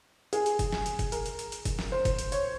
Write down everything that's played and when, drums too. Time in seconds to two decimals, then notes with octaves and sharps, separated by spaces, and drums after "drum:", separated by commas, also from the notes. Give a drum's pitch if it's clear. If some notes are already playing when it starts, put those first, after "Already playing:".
0.33 G#4, drum: hi-hat
0.46 drum: hi-hat
0.59 drum: kick F#1, hi-hat
0.73 drum: snare
0.86 drum: hi-hat
0.99 drum: kick F#1, hi-hat
1.12 A#4, drum: hi-hat
1.26 drum: hi-hat
1.39 drum: hi-hat
1.52 drum: hi-hat
1.65 drum: kick F#1, hi-hat
1.79 drum: snare
1.92 C5
2.05 drum: kick F#1, hi-hat
2.19 drum: hi-hat
2.32 C#5, drum: hi-hat